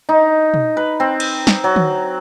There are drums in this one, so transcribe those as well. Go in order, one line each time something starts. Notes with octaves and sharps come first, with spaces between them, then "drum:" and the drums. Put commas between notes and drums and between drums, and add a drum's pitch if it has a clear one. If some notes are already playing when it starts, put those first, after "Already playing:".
D#4
drum: tom
B4
C4
drum: cymbal
drum: snare
F#3
drum: tom